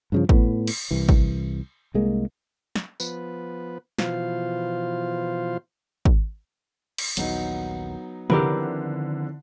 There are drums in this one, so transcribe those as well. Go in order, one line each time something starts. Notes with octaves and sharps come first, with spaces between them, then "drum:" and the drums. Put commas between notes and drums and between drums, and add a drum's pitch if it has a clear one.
G2 C#3 F3
A2 B3, drum: kick G#1
drum: cymbal
C2 E3
drum: kick G#1
C2 G#3 A#3
drum: snare
F3 B3 B4, drum: tambourine
B2 E3 F3 F4 C5 F5, drum: snare
drum: kick G#1
drum: cymbal
A#1 D#2 F#3 B3 D#4, drum: hi-hat
D3 D#3 F3 C4 E4 G4 A#4 B4, drum: tom